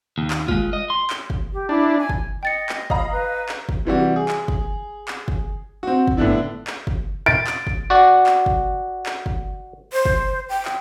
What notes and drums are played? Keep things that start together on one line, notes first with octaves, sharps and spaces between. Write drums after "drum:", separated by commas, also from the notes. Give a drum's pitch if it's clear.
D#2
drum: clap
G#3 F4, drum: kick
D#5
C6
drum: clap
drum: kick
G4
D4 E4
G#5
drum: kick
D#5 G5 A6 C#7
drum: clap
D#5 F5 A#5 B5, drum: kick
B4
drum: clap
drum: kick
C3 E3 G3 F#4
G#4
drum: clap
drum: kick
drum: clap
drum: kick
C4 F#4
drum: kick
A2 D3 B3 D4 E4
drum: clap
drum: kick
A6 D7
drum: clap
drum: kick
F#4 D5 F#5
drum: clap
drum: kick
drum: clap
drum: kick
C5
drum: kick
G5
drum: clap